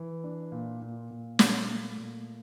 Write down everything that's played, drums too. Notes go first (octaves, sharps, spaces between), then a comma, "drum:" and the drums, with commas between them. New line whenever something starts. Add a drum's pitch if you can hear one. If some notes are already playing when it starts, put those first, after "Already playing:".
Already playing: E3
D4
A#2
A#2
A#2
A#2, drum: snare
A3
A#2